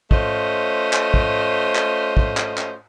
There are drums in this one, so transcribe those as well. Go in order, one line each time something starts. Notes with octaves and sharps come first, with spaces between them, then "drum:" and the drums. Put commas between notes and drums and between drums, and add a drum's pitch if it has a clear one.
A3 C#4 F4 C5 D#5, drum: kick
drum: clap
drum: kick
drum: clap
drum: kick
drum: clap
drum: clap